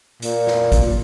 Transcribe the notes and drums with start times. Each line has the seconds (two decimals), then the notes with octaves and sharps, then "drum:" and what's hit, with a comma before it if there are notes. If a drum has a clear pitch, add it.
0.22 A#2, drum: hi-hat
0.47 drum: snare
0.72 drum: kick, hi-hat